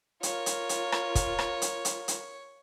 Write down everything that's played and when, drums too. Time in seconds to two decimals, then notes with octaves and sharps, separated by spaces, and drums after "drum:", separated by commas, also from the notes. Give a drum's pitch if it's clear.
0.23 F4 A#4 C#5, drum: hi-hat
0.46 drum: hi-hat
0.69 drum: hi-hat
0.92 drum: rim click
1.15 drum: kick, hi-hat
1.39 drum: rim click
1.62 drum: hi-hat
1.85 drum: hi-hat
2.08 drum: hi-hat